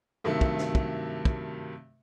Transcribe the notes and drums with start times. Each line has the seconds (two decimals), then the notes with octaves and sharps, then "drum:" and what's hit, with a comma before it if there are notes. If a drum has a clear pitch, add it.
0.24 G2 C3 D#3 F#3 A3
0.41 drum: kick
0.58 drum: snare
0.75 drum: kick
1.25 drum: kick